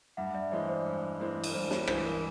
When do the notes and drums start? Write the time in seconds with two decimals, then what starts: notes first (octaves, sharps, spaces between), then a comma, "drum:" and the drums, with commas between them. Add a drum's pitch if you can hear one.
0.17 G2 E5 F#5
0.34 D5 E5
0.51 E3 G#3 C4 C#5 D#5
0.69 C5 D5
0.86 G2
1.20 E3 G#3 C4
1.44 drum: cymbal
1.53 G2 C5 D5
1.71 C#5, drum: snare
1.87 E3 G#3 C4 C5, drum: rim click
2.04 A#4